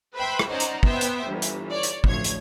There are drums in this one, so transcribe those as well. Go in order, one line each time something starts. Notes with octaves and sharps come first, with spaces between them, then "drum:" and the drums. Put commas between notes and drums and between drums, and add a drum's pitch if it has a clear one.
B4 C5 E5 G5 B5 C6
drum: rim click
C#4 D#4 C5 D5 F#5 A#5
drum: hi-hat
B3 C5 E5 G5, drum: kick
drum: hi-hat
G1 E3
drum: hi-hat
C#5 D5
drum: hi-hat
A1 D2 F3 C#5 G#6, drum: kick
drum: hi-hat